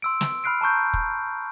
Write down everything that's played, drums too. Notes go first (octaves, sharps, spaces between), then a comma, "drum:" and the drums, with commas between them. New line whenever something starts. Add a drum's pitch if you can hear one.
C6 E6 D7
drum: snare
B5 F6 F#6 C7 D7
A5 A#5 C#6 G6
drum: kick